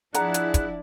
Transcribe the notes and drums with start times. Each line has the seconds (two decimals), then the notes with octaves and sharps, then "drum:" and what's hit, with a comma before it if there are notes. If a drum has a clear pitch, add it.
0.14 F3 D4 E4 G#4 F#5 A#5 F#6, drum: hi-hat
0.34 drum: hi-hat
0.54 drum: kick, hi-hat